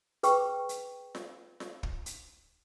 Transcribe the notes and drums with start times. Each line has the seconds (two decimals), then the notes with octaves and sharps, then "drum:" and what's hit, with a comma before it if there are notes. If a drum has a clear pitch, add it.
0.23 G#4 B4 G5 C#6, drum: hi-hat
0.69 drum: hi-hat
1.15 drum: snare F4
1.60 drum: snare F4
1.83 drum: kick
2.06 drum: hi-hat